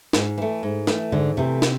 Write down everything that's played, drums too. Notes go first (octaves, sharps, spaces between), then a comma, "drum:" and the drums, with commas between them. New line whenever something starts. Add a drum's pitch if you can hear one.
G#2, drum: snare
E3 A3
G#2
E3 A3, drum: snare
G#2 D3
C3 E3 A3
drum: snare